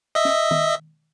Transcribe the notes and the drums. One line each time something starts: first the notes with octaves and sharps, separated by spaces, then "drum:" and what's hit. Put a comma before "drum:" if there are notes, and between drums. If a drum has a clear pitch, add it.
D#5 E5
drum: snare
drum: tom D#3